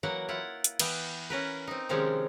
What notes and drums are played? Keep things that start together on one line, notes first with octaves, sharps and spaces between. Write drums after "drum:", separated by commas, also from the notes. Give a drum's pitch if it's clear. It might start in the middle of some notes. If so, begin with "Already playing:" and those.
E3 F#3 A#3 A#4 F#5
E4 F4 F#5
drum: hi-hat
E3 B3 F5 G5, drum: cymbal
C#4 A#4 B4
C4 D#4
C3 D#3 F3 G#3 C4 C#4